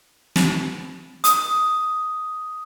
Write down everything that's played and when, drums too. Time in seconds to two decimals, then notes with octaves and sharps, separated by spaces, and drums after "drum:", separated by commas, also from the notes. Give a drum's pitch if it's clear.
0.36 drum: snare
1.24 D#6, drum: hi-hat